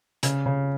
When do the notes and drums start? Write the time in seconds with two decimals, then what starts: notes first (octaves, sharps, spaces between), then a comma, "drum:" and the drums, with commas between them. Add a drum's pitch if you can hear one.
0.23 C#3, drum: hi-hat
0.46 C#3